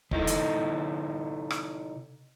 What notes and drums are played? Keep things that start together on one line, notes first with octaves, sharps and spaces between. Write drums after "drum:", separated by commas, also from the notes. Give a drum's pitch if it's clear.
C3 D#4 E4 A4, drum: kick
drum: hi-hat
drum: rim click